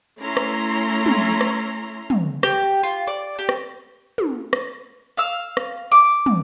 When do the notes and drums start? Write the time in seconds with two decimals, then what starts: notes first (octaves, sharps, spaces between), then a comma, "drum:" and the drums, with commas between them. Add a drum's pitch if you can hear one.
0.20 A3 C#4 E4 A#5 C6
0.37 drum: rim click
1.06 drum: tom
1.41 drum: rim click
2.10 drum: tom
2.43 G4, drum: rim click
2.83 F4
3.07 D5
3.39 G4
3.49 drum: rim click
4.18 drum: tom
4.53 drum: rim click
5.17 F5 E6
5.57 drum: rim click
5.92 D6
6.26 drum: tom